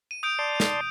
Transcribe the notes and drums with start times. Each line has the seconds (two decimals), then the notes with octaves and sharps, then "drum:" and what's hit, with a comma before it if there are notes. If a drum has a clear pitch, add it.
0.11 D#7
0.23 D#6 G6 D7
0.39 D5 A5 C6
0.60 drum: snare